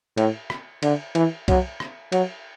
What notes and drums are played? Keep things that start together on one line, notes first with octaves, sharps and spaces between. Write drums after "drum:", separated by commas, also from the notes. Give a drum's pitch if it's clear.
A2, drum: cymbal
drum: rim click
D3, drum: cymbal
E3, drum: cymbal
F#3, drum: kick C2, cymbal
drum: rim click
F#3, drum: cymbal